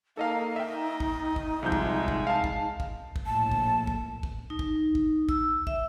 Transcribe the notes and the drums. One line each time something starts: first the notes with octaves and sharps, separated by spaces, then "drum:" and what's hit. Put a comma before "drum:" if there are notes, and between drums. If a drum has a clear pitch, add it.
A#3 D#4 A4 D#5 F5
D#5 E5 G5
drum: kick
drum: kick
C2 F3 G#3 G6
drum: kick
drum: kick
F5 A5
drum: kick
drum: kick
drum: kick
A#1 A2 A5
drum: kick
drum: kick
drum: kick
D#4
drum: kick
drum: kick
E6, drum: kick
E5, drum: kick